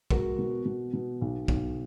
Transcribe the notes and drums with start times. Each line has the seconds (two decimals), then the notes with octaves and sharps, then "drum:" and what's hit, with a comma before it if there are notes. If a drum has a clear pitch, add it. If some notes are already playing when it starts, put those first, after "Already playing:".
0.11 G#3 F#4 A#4, drum: kick
0.38 B2
0.65 B2
0.93 B2
1.21 B1
1.48 B1, drum: kick